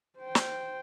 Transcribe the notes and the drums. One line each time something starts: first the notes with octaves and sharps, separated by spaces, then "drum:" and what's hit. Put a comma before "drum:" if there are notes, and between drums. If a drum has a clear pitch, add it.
C5 G5
drum: snare